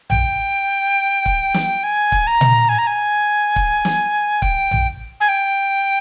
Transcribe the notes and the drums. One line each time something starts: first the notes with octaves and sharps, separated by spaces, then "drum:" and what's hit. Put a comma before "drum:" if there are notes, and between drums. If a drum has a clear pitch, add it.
G5, drum: tom A#1
drum: kick
drum: snare
G#5
drum: kick
A#5
drum: tom A#2
G#5
A#5
G#5
drum: kick
drum: snare
G5, drum: kick
drum: tom A#1
G#5
G5